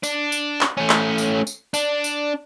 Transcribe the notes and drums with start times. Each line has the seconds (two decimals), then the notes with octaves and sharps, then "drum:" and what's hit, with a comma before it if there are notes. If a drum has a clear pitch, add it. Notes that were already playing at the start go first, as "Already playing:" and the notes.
0.03 D4, drum: tambourine
0.32 drum: tambourine
0.61 drum: clap
0.77 A3 C#4
0.89 drum: clap
1.18 drum: tambourine
1.47 drum: tambourine
1.74 D4, drum: tambourine
2.04 drum: tambourine